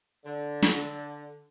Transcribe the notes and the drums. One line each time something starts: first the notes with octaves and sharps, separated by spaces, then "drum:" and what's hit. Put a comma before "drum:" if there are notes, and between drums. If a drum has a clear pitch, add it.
D3
drum: snare